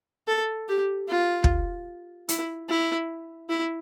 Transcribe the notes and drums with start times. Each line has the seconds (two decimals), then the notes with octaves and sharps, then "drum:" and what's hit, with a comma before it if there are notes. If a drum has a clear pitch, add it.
0.28 A4
0.68 G4
1.08 F4
1.44 drum: kick
2.29 E4, drum: hi-hat
2.69 E4
3.49 E4